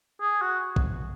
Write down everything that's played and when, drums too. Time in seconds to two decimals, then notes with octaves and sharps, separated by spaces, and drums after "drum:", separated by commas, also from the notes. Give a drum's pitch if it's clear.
0.21 G#4
0.42 F#4
0.76 drum: kick